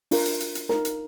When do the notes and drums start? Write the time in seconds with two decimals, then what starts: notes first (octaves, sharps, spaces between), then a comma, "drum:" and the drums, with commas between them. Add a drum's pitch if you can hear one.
0.11 D4 F4 A#4, drum: open hi-hat
0.26 drum: hi-hat
0.40 drum: hi-hat
0.55 drum: hi-hat
0.69 D#4 A#4, drum: snare
0.85 drum: hi-hat